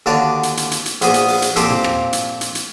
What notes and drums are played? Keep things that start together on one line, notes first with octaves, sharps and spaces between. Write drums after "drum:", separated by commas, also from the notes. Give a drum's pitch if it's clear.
D#2 D3 F#4 C#5 D5 A5
drum: hi-hat
drum: hi-hat
drum: hi-hat
drum: hi-hat
A#1 B3 F#4 G#4 G#5, drum: hi-hat
drum: hi-hat
drum: open hi-hat
drum: hi-hat
A#2 F3 C4 G4 A4 C5, drum: hi-hat
drum: tom
drum: rim click
drum: hi-hat
drum: hi-hat
drum: hi-hat